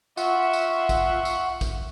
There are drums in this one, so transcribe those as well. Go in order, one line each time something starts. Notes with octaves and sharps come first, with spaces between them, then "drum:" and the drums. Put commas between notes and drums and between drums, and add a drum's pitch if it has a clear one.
F4 E5 F#5 C#6, drum: tambourine
drum: tambourine
drum: kick, tambourine
drum: tambourine
drum: kick, tambourine